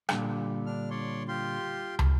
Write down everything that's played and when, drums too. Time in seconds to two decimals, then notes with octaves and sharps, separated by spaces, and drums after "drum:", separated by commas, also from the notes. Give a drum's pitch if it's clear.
0.09 A#2 D3 G3, drum: rim click
0.66 D4 F6
0.90 C#5 D5 C6
1.28 F4 G4 C6
1.99 drum: tom